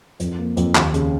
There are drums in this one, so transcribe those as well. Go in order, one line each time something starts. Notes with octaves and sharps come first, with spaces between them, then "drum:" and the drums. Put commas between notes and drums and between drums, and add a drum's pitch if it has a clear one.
F2, drum: hi-hat
A#3
F2, drum: hi-hat
D#2, drum: clap
C#3, drum: hi-hat